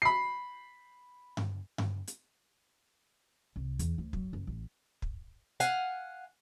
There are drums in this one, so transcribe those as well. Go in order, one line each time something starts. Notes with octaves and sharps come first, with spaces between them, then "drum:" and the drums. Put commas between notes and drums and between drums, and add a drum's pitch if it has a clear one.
B5 C7
drum: tom G2
drum: tom G2
drum: hi-hat
C2
E2, drum: hi-hat
D2
F#3, drum: kick
F#1
A1
drum: kick
F5 F#5 G#5, drum: hi-hat